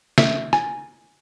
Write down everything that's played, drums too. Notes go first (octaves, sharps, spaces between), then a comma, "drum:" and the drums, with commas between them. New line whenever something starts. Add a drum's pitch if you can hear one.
E5, drum: snare
G#5, drum: rim click